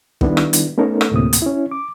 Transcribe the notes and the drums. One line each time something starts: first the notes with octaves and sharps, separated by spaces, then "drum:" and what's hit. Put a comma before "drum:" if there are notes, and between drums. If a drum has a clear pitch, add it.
D#3 G3 B3 D4 E4, drum: kick
drum: rim click
drum: hi-hat
A3 B3 C#4 D#4 A4 A#4
drum: rim click
D2 A2 C3 A#3 D#6
drum: hi-hat
C#4 E4
D6